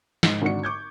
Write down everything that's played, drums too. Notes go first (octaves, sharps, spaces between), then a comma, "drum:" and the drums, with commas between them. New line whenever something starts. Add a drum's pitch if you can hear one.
G#2, drum: snare
G#1 D3 F#4 D5 C#7
C#6 D6 G6 G#6